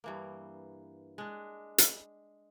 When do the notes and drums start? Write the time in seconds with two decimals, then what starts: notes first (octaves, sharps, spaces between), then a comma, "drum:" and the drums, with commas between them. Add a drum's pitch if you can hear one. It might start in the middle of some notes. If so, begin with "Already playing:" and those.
0.04 G2 E3 A#3
1.18 G#3 D4
1.78 drum: hi-hat